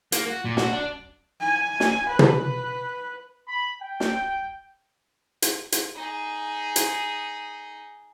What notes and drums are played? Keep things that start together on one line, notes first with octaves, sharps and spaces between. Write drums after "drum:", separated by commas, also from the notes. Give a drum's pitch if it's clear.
A#3, drum: hi-hat
F#4
A#2
F#4, drum: snare
D4
G#5
drum: snare
B4
drum: tom
B5
G5
drum: snare
drum: hi-hat
drum: hi-hat
D#4 G#4
drum: hi-hat